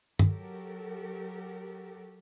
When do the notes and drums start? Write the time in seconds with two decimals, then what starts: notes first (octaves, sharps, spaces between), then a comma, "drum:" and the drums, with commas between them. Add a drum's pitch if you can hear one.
0.19 F#3 F#4 G4 A4 A#4, drum: tom